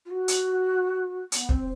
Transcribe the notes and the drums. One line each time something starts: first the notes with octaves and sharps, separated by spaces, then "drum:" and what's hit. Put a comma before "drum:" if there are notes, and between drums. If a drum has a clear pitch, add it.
F4
F#4
drum: hi-hat
B3, drum: hi-hat
C4, drum: kick